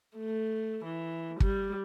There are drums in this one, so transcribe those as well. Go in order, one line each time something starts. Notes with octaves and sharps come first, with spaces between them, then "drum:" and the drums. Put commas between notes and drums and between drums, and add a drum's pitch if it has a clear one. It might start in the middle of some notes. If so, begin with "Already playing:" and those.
A3
E3
G3, drum: kick